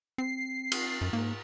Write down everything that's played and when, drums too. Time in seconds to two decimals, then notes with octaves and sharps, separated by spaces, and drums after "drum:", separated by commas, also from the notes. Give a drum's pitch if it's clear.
0.18 C4 C7
0.72 drum: cymbal
1.01 F#2
1.13 G#2 A#3